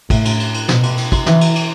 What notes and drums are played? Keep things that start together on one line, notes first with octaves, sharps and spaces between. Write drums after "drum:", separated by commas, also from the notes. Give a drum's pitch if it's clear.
A2, drum: kick, cymbal
drum: cymbal
drum: cymbal
drum: cymbal
B2, drum: snare
drum: cymbal
drum: cymbal
drum: kick, cymbal
E3, drum: snare
drum: cymbal
drum: cymbal